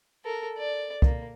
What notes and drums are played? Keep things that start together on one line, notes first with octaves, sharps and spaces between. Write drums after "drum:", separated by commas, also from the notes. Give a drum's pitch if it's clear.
A4 A#4
D5
A#3, drum: kick